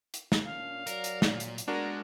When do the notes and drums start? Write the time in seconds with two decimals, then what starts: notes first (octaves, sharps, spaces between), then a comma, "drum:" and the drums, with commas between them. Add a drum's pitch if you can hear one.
0.14 drum: hi-hat
0.32 drum: snare
0.45 A#2 C#4 D4 F5
0.87 F#3 A#4 D5, drum: hi-hat
1.04 drum: hi-hat
1.22 A#2, drum: snare
1.40 drum: hi-hat
1.58 drum: hi-hat
1.68 G#3 A#3 B3 D4 F#4 A#4 A#5